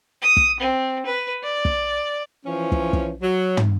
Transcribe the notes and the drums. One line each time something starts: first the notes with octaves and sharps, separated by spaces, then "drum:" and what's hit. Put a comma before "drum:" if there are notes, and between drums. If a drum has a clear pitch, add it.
D#6
drum: kick
C4
B4
D5
drum: kick
E3 F3 C#4
drum: kick
drum: kick
F#3
drum: tom